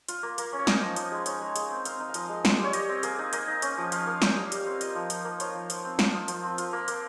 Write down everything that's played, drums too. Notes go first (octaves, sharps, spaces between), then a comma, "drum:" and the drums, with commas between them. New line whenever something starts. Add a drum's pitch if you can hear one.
F4, drum: hi-hat
A#3
A#3, drum: hi-hat
C#4
C#5
D#4 D#5, drum: snare
F3
F3, drum: hi-hat
G#3
D#4 C#5, drum: hi-hat
G#3
G#3, drum: hi-hat
C4
C4 F5, drum: hi-hat
D#4
F5
F3 D#5, drum: hi-hat
G#3
F4, drum: snare
G3 C#5
G3 D#5, drum: hi-hat
C4
A#3 G#4, drum: hi-hat
D#4
A#3 D#5, drum: hi-hat
D#4
C#4, drum: hi-hat
F3
F3 F5, drum: hi-hat
A#3
D#4, drum: snare
G3
G3 F5, drum: hi-hat
C4
F4 D#5, drum: hi-hat
F3
F3, drum: hi-hat
A#3
F4 C#5, drum: hi-hat
F3
F3, drum: hi-hat
C4
F4, drum: snare
F3
F3, drum: hi-hat
C4
F4, drum: hi-hat
A#3
A#3, drum: hi-hat